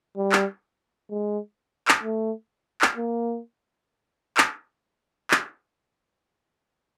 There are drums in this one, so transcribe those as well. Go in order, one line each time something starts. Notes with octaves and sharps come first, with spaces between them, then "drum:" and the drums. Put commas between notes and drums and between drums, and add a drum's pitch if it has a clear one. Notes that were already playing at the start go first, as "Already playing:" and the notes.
G3
drum: clap
G#3
drum: clap
A3
drum: clap
A#3
drum: clap
drum: clap